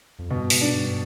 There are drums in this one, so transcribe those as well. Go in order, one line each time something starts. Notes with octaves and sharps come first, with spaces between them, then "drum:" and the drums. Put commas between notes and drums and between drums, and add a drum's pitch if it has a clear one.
F2
G2 B2
G#2, drum: open hi-hat
D4
G2